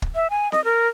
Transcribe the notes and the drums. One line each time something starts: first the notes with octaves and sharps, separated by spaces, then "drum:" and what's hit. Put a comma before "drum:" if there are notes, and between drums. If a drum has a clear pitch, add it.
drum: kick
E5
G#5
D#5, drum: snare C4
A#4